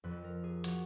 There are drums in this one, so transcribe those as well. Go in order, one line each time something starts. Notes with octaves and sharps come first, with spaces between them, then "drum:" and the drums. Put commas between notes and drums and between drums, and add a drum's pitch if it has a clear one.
F2 F3 B4
A#4
G#4
F3 F#4, drum: hi-hat